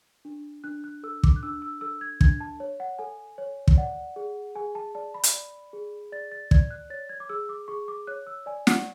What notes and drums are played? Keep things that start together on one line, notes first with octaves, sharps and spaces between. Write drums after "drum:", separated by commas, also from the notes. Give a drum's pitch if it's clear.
D4
D4 F#6
F#6
A4 E6
D6, drum: kick
F#6
D4 E6
E6
A4 E6
G#6
D4 G#6, drum: kick
A5
C#5
F#5
A4 G#5
C#5
drum: kick
D5 F#5
G#4
G#4 G#5
A5
D5 A5
B5
drum: hi-hat
D5
G#4
D5 A6
A6
D5 G#6, drum: kick
F#6
C#5 A6
G#6
D6
G#4 E6
D6
G#4 C#6
D6
C#5 F#6
E6
D5 G#5
F#5, drum: snare